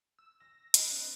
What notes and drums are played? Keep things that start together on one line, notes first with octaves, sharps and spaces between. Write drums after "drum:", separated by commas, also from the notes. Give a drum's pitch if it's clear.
E6
E6 A#6 E7
D#5 B5 F#6, drum: hi-hat
C4 D4 B4